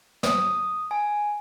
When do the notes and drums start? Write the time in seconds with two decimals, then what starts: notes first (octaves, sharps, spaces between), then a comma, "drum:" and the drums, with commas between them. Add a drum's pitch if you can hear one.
0.23 D#6, drum: snare
0.91 G#5